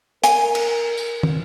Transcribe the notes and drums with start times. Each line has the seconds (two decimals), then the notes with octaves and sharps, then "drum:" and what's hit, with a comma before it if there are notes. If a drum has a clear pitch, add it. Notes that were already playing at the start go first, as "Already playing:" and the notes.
0.24 A#4 G#5, drum: hi-hat
0.55 drum: cymbal
0.97 drum: tambourine
1.23 drum: tom